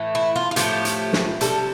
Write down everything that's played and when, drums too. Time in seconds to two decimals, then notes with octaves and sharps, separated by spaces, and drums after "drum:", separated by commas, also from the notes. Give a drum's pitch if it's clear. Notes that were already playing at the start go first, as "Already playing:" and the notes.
Already playing: A2 E3 A3
0.15 E4
0.36 F4
0.51 F4
0.56 A2 F3 A3 G4, drum: hi-hat
0.85 drum: hi-hat
1.13 drum: snare
1.41 C3 G3 A4, drum: hi-hat